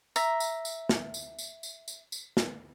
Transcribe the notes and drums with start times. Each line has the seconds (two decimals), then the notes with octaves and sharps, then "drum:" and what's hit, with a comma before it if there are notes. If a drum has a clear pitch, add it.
0.16 E5 A#5, drum: tambourine
0.40 drum: tambourine
0.65 drum: tambourine
0.89 drum: snare
1.14 drum: tambourine
1.39 drum: tambourine
1.63 drum: tambourine
1.88 drum: tambourine
2.12 drum: tambourine
2.37 drum: snare